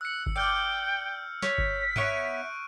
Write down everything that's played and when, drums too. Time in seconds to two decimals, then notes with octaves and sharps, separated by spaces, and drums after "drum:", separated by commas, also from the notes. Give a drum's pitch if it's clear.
0.01 E6 F#6 C#7
0.26 drum: kick G1
0.36 D5 G5 E6 F6 G6
1.42 C#5 B6, drum: snare
1.58 drum: kick G1
1.96 B3 E4 C#5 C#6 F#6 D7, drum: tom G2